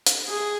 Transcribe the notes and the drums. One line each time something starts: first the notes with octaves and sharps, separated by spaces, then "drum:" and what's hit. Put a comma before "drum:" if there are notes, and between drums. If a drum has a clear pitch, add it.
drum: hi-hat
G#4